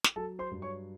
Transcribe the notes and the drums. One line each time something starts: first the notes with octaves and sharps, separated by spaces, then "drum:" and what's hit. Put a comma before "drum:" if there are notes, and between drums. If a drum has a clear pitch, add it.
drum: snare
F#3 A4 A5
C5 C6
G2
C#5 C#6